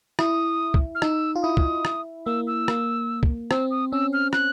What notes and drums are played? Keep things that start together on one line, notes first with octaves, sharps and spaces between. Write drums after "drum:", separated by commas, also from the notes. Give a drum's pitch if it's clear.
E4 D#6, drum: rim click
drum: kick
F6
D#4 E6, drum: rim click
F4
E4 D#6
drum: kick
drum: rim click
A#3 E6
E6
A#3, drum: rim click
drum: kick
C4 E6, drum: rim click
D#6
C#4 E6
F6
F#6, drum: rim click